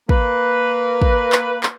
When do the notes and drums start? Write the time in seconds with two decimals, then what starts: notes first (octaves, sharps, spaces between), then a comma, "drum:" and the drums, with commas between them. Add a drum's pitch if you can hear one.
0.09 A#3 B4, drum: kick
1.02 drum: kick
1.32 drum: clap
1.63 drum: clap